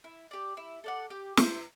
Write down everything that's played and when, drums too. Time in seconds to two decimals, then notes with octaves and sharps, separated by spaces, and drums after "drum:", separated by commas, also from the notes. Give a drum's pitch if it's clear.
0.04 E4
0.31 G4 D5
0.57 E4
0.84 A4 D5 F#5
1.10 G4
1.37 C5 E5, drum: snare